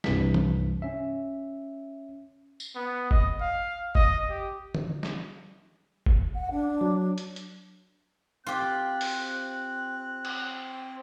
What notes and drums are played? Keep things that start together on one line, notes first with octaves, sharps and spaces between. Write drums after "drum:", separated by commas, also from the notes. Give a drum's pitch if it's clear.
C2 G2 C3 E3 B6, drum: snare
drum: tom
C#4 E5
drum: tambourine
B3
D#5, drum: kick F#1
F5
D#5, drum: kick F#1
G4
drum: tom
drum: snare
drum: kick F#1
F#5
D4
F#3
drum: hi-hat
drum: hi-hat
C4 F4 G4 F#6
drum: open hi-hat
drum: cymbal